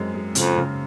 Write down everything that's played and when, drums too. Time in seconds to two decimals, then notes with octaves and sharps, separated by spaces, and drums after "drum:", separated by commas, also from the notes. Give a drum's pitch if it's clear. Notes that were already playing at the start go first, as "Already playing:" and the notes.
Already playing: F#2 G#3 C4
0.14 G#3
0.35 F2 C#3, drum: hi-hat
0.56 C#3